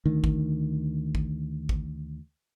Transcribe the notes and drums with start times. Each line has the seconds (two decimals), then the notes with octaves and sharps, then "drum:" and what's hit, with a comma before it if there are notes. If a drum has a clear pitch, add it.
0.05 D2 D#3
0.24 drum: kick A1
1.15 drum: kick A1
1.69 drum: kick A1